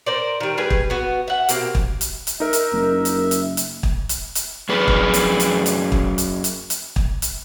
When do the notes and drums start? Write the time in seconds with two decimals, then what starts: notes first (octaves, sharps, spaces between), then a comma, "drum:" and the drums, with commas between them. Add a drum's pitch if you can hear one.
0.06 A#4 C5 D5
0.40 D#3 G3
0.57 G3 G#4 B4
0.70 drum: kick
0.90 B3 F#4
1.28 E5 F#5
1.49 B2 A#3 C4 G4, drum: hi-hat
1.75 drum: kick
2.01 drum: hi-hat
2.27 drum: hi-hat
2.40 D#4 A#4 E5
2.53 drum: hi-hat
2.72 F#1
3.05 drum: hi-hat
3.31 drum: hi-hat
3.57 drum: hi-hat
3.83 drum: kick
4.09 drum: hi-hat
4.35 drum: hi-hat
4.69 F#2 G#4 B4
4.88 drum: kick
5.14 drum: hi-hat
5.40 drum: hi-hat
5.66 drum: hi-hat
5.92 drum: kick
6.18 drum: hi-hat
6.44 drum: hi-hat
6.70 drum: hi-hat
6.96 drum: kick
7.22 drum: hi-hat